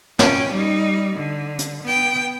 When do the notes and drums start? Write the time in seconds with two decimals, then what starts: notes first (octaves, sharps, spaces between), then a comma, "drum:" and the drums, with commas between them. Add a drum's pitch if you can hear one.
0.19 C#4 G5, drum: snare
0.52 G3 D#4
1.16 D3
1.59 drum: hi-hat
1.83 B3 G5